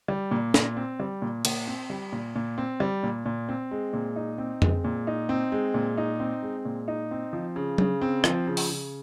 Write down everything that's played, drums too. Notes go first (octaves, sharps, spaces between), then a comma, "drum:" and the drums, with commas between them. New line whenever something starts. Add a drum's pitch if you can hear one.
G3
A#2
A#2, drum: snare
C4
G3
A#2
A#2, drum: cymbal
C4
G3
A#2
A#2
C4
G3
A#2
A#2
C4
G#3
A#2
D#4
C4
G#3, drum: tom F2
A#2
D#4
C4
G#3
A#2
D#4
C4
G#3
A#2
D#4
C4
F3
C#3
C#3, drum: tom F#3
C4
F3, drum: rim click
C#3
drum: open hi-hat
C#3